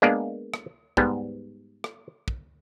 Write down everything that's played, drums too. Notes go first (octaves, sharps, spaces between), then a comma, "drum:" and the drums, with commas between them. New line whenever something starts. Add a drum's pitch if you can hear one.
G#3 A#3 B3 D4 D5 F5
drum: rim click
G#2 G3 B3, drum: kick
drum: rim click
drum: kick